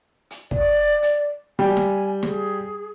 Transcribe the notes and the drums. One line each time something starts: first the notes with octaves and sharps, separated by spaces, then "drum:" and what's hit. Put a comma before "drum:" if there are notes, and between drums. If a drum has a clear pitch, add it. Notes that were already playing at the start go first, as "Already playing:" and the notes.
drum: hi-hat
D5, drum: kick
drum: hi-hat
G3 G#5
drum: snare
G#4, drum: snare